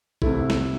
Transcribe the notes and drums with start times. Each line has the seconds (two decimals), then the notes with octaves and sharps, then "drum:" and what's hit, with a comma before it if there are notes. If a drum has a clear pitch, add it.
0.22 C2 C3 A3 E4, drum: kick A#1
0.50 drum: snare